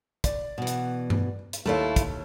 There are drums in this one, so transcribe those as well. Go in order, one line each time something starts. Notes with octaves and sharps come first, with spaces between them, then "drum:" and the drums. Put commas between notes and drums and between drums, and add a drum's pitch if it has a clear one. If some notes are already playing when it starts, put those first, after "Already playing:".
D5, drum: kick, hi-hat
B2 E3
drum: hi-hat
drum: tom G2
drum: hi-hat
D#2 A3 E4 F4 A4 C#5
drum: kick, hi-hat